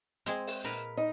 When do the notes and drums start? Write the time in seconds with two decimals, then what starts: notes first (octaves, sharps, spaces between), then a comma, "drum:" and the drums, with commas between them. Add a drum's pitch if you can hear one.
0.26 G#3 C4 G#4, drum: hi-hat
0.47 drum: open hi-hat
0.64 A#2 A#4 B4
0.97 D#4